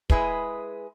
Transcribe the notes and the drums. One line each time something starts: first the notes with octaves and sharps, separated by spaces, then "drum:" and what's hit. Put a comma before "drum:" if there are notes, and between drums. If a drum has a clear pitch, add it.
G#3 E4 G#4 B4, drum: kick